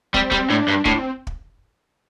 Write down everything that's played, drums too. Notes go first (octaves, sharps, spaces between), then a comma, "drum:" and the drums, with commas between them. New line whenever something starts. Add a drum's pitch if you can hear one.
G3 C4, drum: kick
G3, drum: kick
A2 D4
G2
A2 D4, drum: kick
C4
drum: kick